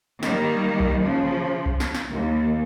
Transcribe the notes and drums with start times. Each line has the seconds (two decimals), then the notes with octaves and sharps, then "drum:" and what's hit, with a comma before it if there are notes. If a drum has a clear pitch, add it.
0.23 D#3 G3 A#3, drum: snare
0.80 drum: kick B1
1.01 C#3 F3
1.66 drum: kick B1
1.80 drum: snare
1.95 drum: snare
2.12 D#2